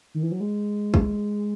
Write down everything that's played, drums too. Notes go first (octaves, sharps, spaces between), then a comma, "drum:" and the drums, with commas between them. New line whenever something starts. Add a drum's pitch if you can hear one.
D#3
E3
F#3
G#3
drum: kick